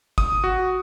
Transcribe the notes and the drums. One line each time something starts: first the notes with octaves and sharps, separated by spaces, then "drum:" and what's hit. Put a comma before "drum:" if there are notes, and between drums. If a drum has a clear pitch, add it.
D#6, drum: kick
F#4